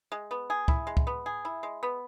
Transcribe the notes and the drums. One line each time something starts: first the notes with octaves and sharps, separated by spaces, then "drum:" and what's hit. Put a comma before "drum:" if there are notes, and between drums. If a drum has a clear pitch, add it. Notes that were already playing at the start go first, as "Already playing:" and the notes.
G#3
B3
G#4
E4, drum: kick C#2
G#3
drum: kick C#2
B3
G#4
E4
G#3
B3